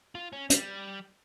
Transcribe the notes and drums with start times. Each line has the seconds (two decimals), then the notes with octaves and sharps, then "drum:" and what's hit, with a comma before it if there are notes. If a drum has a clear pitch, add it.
0.15 F4
0.33 C#4
0.50 G3, drum: hi-hat